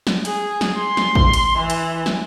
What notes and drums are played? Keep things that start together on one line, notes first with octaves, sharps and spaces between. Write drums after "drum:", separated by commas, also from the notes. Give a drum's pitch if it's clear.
drum: snare
G#4, drum: hi-hat
drum: snare
C6
drum: snare
drum: kick
drum: hi-hat
E3
drum: hi-hat
drum: snare